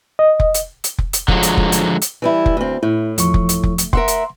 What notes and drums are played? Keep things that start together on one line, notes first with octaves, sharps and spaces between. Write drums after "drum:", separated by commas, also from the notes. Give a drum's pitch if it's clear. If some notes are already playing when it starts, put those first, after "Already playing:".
D#5
drum: kick F1
drum: hi-hat
drum: hi-hat
drum: kick F1
drum: hi-hat
D3 F3 F#3 G#3, drum: kick F1
drum: hi-hat
drum: kick F1
drum: hi-hat
drum: hi-hat
E3 G3 E4
drum: kick F1
D2 C4
A2 E4
E2 F3 C#6, drum: hi-hat
drum: kick F1
drum: hi-hat
drum: kick F1
drum: hi-hat
A#4 E5 F#5 C6, drum: kick F1
drum: hi-hat